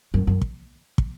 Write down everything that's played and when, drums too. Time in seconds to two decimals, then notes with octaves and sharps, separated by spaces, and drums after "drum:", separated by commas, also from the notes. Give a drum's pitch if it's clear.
0.14 F#2
0.27 F#2
0.41 drum: kick
0.98 drum: kick